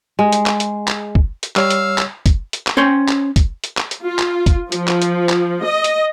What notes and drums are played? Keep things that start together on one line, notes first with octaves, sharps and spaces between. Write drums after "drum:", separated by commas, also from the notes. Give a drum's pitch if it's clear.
G#3
drum: hi-hat
drum: clap
drum: hi-hat
drum: clap
drum: kick
drum: hi-hat
G3 C#5 F5 E6, drum: clap
drum: hi-hat
drum: clap
drum: kick, hi-hat
drum: hi-hat
drum: clap
C#4 C5 C#5 G5
drum: clap
drum: kick, hi-hat
drum: hi-hat
drum: clap
drum: hi-hat
F4
drum: clap
drum: kick, hi-hat
F3, drum: hi-hat
drum: clap
drum: hi-hat
drum: clap
D#5
drum: hi-hat